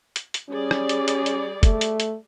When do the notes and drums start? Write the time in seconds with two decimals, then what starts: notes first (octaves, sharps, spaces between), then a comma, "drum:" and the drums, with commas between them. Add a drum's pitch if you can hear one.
0.16 drum: hi-hat
0.34 drum: hi-hat
0.49 G3 C#4 G#4 D5
0.71 drum: rim click
0.89 drum: hi-hat
1.08 drum: hi-hat
1.26 drum: hi-hat
1.63 A3, drum: kick, hi-hat
1.81 drum: hi-hat
2.00 drum: hi-hat